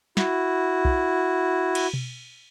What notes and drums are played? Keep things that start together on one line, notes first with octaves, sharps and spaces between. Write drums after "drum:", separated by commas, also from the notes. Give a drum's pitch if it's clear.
E4 F#4, drum: snare
drum: kick B1
drum: cymbal
drum: tom B2